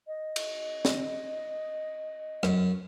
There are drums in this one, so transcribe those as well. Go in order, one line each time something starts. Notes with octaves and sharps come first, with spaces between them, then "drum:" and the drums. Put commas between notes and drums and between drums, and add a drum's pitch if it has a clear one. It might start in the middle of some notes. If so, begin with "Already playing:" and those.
D#5
drum: cymbal
drum: snare
F#2, drum: rim click